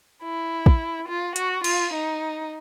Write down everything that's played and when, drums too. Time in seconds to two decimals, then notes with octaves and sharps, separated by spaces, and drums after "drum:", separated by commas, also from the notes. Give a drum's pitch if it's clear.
0.23 E4
0.66 drum: kick
1.08 F4
1.36 F#4, drum: hi-hat
1.64 F4, drum: cymbal
1.93 D#4